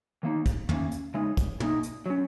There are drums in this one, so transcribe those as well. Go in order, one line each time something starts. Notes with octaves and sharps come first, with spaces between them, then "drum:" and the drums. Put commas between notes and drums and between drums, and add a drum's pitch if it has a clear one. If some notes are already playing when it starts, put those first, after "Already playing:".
D#3 A#3 D#4
drum: kick, hi-hat
D#3 A#3 C#4, drum: tom
drum: hi-hat
C#3 G#3 D#4
drum: kick, hi-hat
A#2 A#3 D#4, drum: tom
drum: hi-hat
F#3 C#4